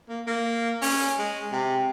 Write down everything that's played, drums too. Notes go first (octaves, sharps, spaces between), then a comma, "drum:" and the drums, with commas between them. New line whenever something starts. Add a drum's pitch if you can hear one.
A#3
A#3
C#4, drum: open hi-hat
G#3
C3